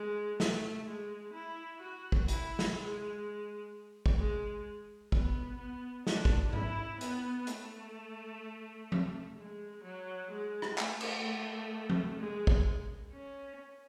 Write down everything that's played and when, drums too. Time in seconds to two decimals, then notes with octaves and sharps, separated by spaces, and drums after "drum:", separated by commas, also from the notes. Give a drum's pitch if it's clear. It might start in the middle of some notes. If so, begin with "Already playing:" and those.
Already playing: G#3
0.40 A3, drum: snare
0.88 G#3
1.34 E4
1.81 F#4
2.12 drum: kick
2.28 E4, drum: hi-hat
2.59 drum: snare
2.76 G#3
4.06 drum: kick
4.18 G#3
5.12 B3, drum: kick
5.59 B3
6.07 D4, drum: snare
6.25 drum: kick
6.53 E4, drum: tom G#2
7.01 B3, drum: hi-hat
7.47 A3, drum: hi-hat
8.92 drum: tom F3
9.37 G#3
9.84 F#3
10.31 G#3
10.62 drum: rim click
10.78 A3, drum: clap
11.01 drum: cymbal
11.25 A3
11.90 drum: tom F3
12.19 G#3
12.47 drum: kick
13.13 C#4